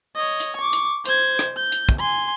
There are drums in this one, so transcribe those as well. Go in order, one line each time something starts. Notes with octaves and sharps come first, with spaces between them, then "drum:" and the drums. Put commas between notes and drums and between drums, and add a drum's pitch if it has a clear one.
C#5 D#5
drum: hi-hat
C#6 D6
drum: hi-hat
C5 G#6, drum: hi-hat
drum: rim click
G6
drum: hi-hat
drum: kick
G#5 C6